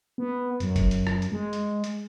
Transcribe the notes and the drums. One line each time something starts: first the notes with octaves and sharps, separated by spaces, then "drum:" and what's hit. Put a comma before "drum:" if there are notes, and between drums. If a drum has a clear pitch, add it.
B3
F#2, drum: hi-hat
drum: kick F#1, hi-hat
drum: hi-hat
drum: rim click
drum: hi-hat
G#3
drum: hi-hat
drum: hi-hat